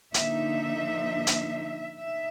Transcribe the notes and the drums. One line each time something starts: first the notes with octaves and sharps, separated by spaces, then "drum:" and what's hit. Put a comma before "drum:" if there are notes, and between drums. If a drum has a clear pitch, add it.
D3 F3 A#3 D#4 E5, drum: hi-hat
drum: hi-hat
D#4 E5